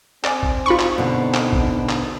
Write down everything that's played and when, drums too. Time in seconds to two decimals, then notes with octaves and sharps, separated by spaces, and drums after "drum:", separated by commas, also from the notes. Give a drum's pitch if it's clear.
0.24 C4 D5 G#5, drum: clap
0.43 drum: kick A1
0.66 D#4 F4 B5 C#6
0.79 drum: clap
0.98 B2 D3
1.34 drum: clap
1.53 drum: kick A1
1.89 drum: clap